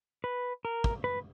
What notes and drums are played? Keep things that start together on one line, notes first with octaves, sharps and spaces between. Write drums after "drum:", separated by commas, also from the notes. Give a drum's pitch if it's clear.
B4
A#4
drum: kick
B4